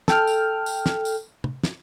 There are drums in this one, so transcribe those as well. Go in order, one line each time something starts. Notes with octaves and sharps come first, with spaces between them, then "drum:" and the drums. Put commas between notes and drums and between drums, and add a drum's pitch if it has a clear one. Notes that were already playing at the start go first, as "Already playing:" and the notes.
A4 G5 F6, drum: snare
drum: tambourine
drum: tambourine
drum: snare
drum: tambourine
drum: tom
drum: snare